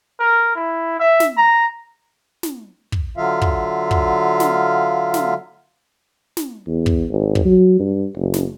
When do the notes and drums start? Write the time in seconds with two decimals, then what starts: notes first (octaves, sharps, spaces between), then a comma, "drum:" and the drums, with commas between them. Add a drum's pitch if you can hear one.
0.19 A#4
0.55 E4
0.99 E5
1.20 drum: snare
1.37 A#5
2.43 drum: snare
2.92 drum: kick
3.17 D3 F#3 F4 E5 F5
3.42 drum: kick
3.91 drum: kick
4.40 drum: snare
5.14 drum: snare
6.37 drum: snare
6.67 E2
6.86 drum: kick
7.10 G#1
7.35 drum: kick
7.45 F#3
7.80 G2
8.16 F#1
8.34 drum: snare